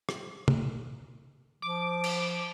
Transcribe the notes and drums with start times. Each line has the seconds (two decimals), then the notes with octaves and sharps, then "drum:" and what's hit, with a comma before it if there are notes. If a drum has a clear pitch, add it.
0.09 drum: rim click
0.48 drum: tom
1.62 F3 D6
2.04 drum: cymbal